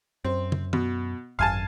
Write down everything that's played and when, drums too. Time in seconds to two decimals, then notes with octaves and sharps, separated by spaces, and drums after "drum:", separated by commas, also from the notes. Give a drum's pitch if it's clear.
0.24 F#2 C4
0.52 drum: tom
0.73 B2, drum: tom
1.39 G#1 F#2 F5 G#5 A5